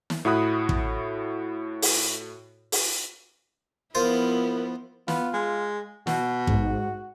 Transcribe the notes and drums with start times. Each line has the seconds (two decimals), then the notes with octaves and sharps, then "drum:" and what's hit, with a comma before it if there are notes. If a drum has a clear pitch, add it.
0.10 drum: snare
0.25 A2 E4 F#4 B5 D#6 F#6
0.69 drum: kick
1.82 drum: open hi-hat
2.72 drum: open hi-hat
3.95 F3 B3 E4 F4 A#4 C5
5.08 B3 F4, drum: snare
5.34 G#3
6.07 B2 F#4, drum: snare
6.47 G#2, drum: kick